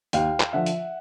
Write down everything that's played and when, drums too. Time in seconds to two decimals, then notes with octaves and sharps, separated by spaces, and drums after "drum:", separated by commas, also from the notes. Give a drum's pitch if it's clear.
0.13 D#2 F5 G5, drum: hi-hat
0.40 drum: clap
0.53 D3 F3 E5 F#5
0.66 drum: hi-hat